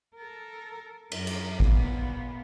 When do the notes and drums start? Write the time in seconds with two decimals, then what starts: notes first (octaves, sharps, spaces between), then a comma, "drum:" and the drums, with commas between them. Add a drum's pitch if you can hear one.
0.16 A4 A#4
1.12 F#2 A#4, drum: cymbal
1.27 drum: cymbal
1.60 A#2 B3, drum: kick